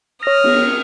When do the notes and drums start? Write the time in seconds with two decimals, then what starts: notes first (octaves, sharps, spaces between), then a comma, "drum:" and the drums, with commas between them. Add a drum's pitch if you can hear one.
0.23 C#5 D#6 F6 A#6
0.44 drum: cymbal